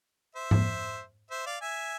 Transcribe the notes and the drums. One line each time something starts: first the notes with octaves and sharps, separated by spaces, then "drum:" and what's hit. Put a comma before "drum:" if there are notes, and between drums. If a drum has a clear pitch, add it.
C5 E5
drum: tom G#2
C5 E5
D5 F5
E5 G#5